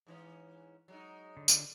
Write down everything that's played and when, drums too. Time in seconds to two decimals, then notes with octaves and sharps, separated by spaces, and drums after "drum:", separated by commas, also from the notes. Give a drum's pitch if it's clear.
0.07 G#2 E3 C#4
0.88 F#3 G#3 D#4
1.37 D3
1.48 drum: tambourine